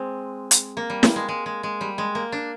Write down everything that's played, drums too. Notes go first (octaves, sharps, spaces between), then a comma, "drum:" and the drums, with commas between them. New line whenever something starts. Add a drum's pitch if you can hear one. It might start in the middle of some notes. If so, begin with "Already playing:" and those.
Already playing: G#3 C4
drum: hi-hat
A#3
G3
drum: snare
G#3
G#3
G#3
G#3
G3
G#3
A#3
D4